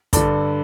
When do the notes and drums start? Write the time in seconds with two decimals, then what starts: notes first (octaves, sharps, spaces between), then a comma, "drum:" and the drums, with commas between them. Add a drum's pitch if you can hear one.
0.13 G2 D3 A4 D5, drum: kick, hi-hat